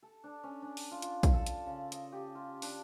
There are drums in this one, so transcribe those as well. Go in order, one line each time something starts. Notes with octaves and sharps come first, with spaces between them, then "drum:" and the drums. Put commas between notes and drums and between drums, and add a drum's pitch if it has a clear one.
A4
D4
C#4
D4
drum: open hi-hat
F4
F4, drum: hi-hat
drum: kick A#1, hi-hat
A4
drum: hi-hat
C#3
D#5, drum: hi-hat
G4
F4
D4, drum: open hi-hat